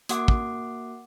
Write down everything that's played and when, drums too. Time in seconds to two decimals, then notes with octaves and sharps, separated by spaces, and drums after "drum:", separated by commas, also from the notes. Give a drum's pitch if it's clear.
0.09 A#3 F#4 F#5 D6, drum: hi-hat
0.28 drum: kick